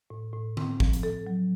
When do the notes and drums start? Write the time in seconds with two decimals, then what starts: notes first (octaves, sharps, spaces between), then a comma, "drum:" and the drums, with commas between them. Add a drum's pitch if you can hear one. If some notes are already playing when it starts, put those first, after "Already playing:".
0.10 A2
0.34 A2
0.57 C4, drum: tom D3
0.80 F3, drum: kick
0.93 drum: hi-hat
1.03 A4
1.27 F#3